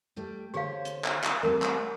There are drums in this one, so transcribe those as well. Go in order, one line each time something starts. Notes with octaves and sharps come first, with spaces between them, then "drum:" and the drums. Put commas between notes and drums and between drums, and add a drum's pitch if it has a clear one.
G3 A3 G4
D3 G4 G#4 C5 C#5 F5
drum: hi-hat
drum: clap
drum: clap
G3 A3 C4 A#4
drum: clap